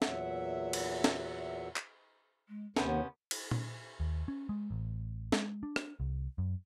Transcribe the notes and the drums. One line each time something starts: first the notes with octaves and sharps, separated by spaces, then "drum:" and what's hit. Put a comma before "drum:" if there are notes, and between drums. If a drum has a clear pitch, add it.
E2 A#2 F#3 E5 F#5, drum: snare
drum: cymbal
drum: snare
drum: clap
G#3
D#2 C3 B3 C#4 F#5, drum: snare
drum: cymbal
drum: tom A#2
D#2
C#4
G#3
A1
G#3, drum: snare
D4
drum: rim click
C2
F#2